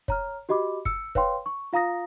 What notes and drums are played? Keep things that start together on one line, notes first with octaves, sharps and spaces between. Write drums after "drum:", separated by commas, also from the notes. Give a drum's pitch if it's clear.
C#5 A#5 F6, drum: kick
F#4 G4 D#5 B5 D6
E6 C#7, drum: kick
B4 C#5 F5 G5 C6, drum: kick
C#6
F4 F5 A#5 D#6 A#6